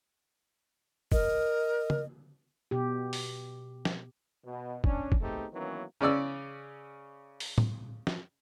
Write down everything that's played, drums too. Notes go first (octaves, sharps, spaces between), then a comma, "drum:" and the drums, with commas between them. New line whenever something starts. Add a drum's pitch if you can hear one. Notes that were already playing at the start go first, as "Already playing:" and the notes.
A#4 D#5, drum: kick
drum: tom
B2 G4
drum: open hi-hat
drum: snare
B2
C#4 D4, drum: kick
drum: kick
A3 B3 C4 D#4 G4 G#4
D#3 E3 F#3 A#3 B3 C#4
C#3 C#4 D5 E6
drum: open hi-hat
drum: tom
drum: snare